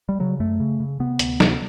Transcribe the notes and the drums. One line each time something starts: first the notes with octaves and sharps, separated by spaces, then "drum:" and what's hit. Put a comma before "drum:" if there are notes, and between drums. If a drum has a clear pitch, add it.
G3
C#3 F#3
F#2 A3
C#3
C#3
C3 B3
D2, drum: hi-hat
C3, drum: snare